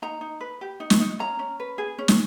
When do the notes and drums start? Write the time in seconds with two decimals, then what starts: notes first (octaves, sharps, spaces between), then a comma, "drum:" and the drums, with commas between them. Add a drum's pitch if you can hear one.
0.02 D#4 A#5
0.21 D#4
0.41 B4
0.61 G4
0.80 D#4
0.90 drum: snare
1.00 D#4
1.19 C#4 A#5
1.39 C#4
1.60 B4
1.78 G#4
1.98 C#4
2.08 drum: snare